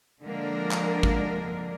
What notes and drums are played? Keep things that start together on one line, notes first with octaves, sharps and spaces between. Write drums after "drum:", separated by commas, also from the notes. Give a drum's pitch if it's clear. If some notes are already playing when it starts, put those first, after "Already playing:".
D3 F3 G#3 A#3 D4 A#4
drum: clap
drum: kick G#1